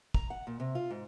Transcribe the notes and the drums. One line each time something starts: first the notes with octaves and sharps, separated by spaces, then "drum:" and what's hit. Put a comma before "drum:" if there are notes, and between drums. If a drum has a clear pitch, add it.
A#5, drum: kick
F#5
A#2
C3
F4
G#2